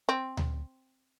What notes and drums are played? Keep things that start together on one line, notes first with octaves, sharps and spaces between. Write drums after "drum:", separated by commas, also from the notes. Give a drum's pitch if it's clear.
C4
drum: tom D2